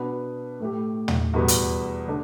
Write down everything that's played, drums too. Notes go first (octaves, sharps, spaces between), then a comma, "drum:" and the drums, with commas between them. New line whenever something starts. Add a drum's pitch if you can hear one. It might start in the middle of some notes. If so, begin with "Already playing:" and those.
Already playing: B2 B3 D4 B4
A2 A3 G4
drum: tom
E2 B2 G3 B3
drum: hi-hat
D3 A3 D4